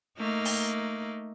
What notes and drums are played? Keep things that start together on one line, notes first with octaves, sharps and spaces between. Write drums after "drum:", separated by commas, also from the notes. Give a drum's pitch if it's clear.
A3 A#3 D#4
drum: open hi-hat